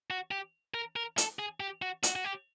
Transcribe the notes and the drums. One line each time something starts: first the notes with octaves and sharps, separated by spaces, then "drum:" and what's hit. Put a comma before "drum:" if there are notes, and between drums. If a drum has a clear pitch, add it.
F#4
G4
A#4
A#4
A4, drum: hi-hat
G#4
G4
F#4
F#4, drum: hi-hat
F#4
G4